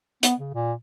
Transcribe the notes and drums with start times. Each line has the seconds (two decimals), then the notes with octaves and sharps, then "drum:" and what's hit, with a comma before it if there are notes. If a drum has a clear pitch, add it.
0.23 B3, drum: hi-hat
0.39 C#3
0.54 A#2